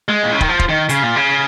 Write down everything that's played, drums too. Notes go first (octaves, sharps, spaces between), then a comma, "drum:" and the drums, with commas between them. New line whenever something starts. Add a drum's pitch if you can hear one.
G#3
A#2
C#3
D#3, drum: kick
F3
drum: kick
D#3
C#3, drum: hi-hat
A#2
C#3